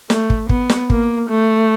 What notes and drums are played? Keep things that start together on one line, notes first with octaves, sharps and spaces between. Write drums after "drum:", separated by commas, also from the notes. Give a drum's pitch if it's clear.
A3, drum: snare
drum: kick
B3, drum: kick
drum: snare
A#3, drum: kick
A3